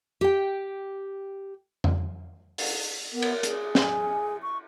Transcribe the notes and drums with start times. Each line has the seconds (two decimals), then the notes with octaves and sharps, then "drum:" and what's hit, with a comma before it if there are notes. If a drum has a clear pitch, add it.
0.21 G4 G5
1.84 drum: tom F2
2.58 drum: open hi-hat
3.13 B3 A#4
3.22 drum: cymbal
3.43 G#4, drum: hi-hat
3.75 G#5, drum: snare
4.43 C#6